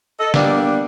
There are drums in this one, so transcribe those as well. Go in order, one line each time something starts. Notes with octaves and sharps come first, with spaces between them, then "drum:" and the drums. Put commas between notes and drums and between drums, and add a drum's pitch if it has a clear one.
A4 D#5
G3 A#3 B3 D4, drum: snare